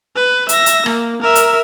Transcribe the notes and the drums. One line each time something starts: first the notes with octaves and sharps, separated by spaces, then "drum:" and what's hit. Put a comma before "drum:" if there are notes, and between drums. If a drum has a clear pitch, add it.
B4
E5 A#6, drum: hi-hat
drum: hi-hat
A#3, drum: rim click
A#4 E5
drum: hi-hat